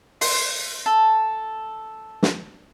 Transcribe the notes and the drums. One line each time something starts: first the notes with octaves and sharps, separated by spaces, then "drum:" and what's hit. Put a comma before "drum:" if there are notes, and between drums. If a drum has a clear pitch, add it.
C6, drum: open hi-hat
A4
drum: snare